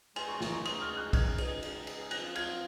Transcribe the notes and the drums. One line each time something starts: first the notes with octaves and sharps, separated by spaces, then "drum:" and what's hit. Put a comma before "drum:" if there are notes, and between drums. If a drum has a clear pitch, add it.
C#3 G#3 D#4 G#4 G#5 C6, drum: cymbal
A#5 C#6
G#5 C6, drum: snare
A#5 C#6
C6 D#6, drum: cymbal
C#6 F6
D#6 F#6
F6 G#6, drum: kick, cymbal
drum: cymbal
drum: cymbal
drum: cymbal
F3 C4 F4 F#6 A#6, drum: cymbal
F6 G#6, drum: cymbal